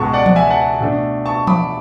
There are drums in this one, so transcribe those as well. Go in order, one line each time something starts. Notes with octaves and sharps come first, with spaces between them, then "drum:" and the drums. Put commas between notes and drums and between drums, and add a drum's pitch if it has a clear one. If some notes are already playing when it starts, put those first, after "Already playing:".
Already playing: C#2 B2 G#3 A5 C#6
D5 F#5
drum: tom E3
E5 G#5
F#5 A5
B2 A3 D4
A5 C#6
B5 D6, drum: tom E3